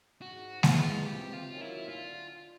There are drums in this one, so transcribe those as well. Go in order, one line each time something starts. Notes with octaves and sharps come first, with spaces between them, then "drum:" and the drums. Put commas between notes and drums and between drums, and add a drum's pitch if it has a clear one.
G#2 F#4
E3 G#3 B3 F4, drum: snare G#3
C3 G4
F4
D#3 F#3 A#3 C#4
E4
D3 F4